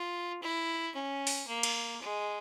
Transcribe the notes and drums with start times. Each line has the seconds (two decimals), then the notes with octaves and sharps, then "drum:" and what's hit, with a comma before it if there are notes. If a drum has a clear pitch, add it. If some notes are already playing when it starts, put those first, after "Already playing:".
Already playing: F4
0.43 E4
0.96 C#4
1.27 drum: open hi-hat
1.48 A#3
1.63 drum: cymbal
2.01 G#3